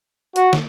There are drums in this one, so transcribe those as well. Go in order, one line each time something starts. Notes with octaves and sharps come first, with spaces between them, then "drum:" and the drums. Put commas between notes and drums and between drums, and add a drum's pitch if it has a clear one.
F#4, drum: hi-hat
drum: snare